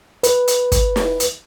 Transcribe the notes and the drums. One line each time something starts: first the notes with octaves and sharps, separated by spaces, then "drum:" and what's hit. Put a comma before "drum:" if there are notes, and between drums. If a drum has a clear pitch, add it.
B4, drum: hi-hat
drum: hi-hat
drum: kick, hi-hat
drum: snare
drum: hi-hat